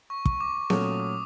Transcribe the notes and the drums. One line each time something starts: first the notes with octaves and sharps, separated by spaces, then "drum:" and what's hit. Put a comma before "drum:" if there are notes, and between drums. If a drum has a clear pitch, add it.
C#6
C#6, drum: kick
D6
A#2 F#3 A3 C#4 D#6, drum: snare B3
D#6
D#6